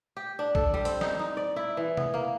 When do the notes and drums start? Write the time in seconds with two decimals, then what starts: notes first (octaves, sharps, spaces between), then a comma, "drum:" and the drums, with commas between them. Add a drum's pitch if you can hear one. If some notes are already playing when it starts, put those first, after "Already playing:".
0.17 G4
0.39 D4
0.55 A4, drum: kick
0.74 G3
0.85 C4, drum: hi-hat
1.01 D#4, drum: snare
1.19 D#4
1.37 D5
1.56 E4
1.77 E3
1.97 B3, drum: tom C3
2.14 A#3